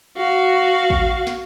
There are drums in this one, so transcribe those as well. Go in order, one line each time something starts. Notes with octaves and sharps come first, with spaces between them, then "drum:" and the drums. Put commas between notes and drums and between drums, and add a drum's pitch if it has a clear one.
F#4 F5
drum: kick
drum: snare